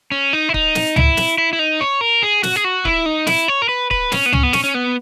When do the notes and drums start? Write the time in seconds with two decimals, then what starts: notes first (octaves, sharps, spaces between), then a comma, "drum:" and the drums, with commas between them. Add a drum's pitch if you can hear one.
0.11 C#4
0.33 D#4
0.49 E4
0.54 D#4, drum: kick C#1
0.75 drum: snare
0.96 E4, drum: tom C#2
1.17 drum: snare
1.38 E4
1.53 E4
1.59 D#4
1.81 C#5
2.01 A#4
2.23 G#4
2.43 F#4, drum: snare
2.56 G#4
2.64 F#4
2.85 E4, drum: kick C#1
3.06 D#4
3.27 E4, drum: snare
3.48 C#5
3.62 A#4
3.69 B4
3.91 B4, drum: kick C#1
4.12 C#4, drum: snare
4.26 B3
4.33 C#4, drum: tom C#2
4.43 B3
4.53 C#4, drum: snare
4.64 C#4
4.74 B3